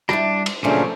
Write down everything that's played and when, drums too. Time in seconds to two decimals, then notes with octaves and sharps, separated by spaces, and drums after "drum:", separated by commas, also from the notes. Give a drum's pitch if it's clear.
0.09 G3 D4 E4, drum: rim click
0.46 drum: cymbal
0.64 A#2 C#3 F3 F#3 A3 C#4 D4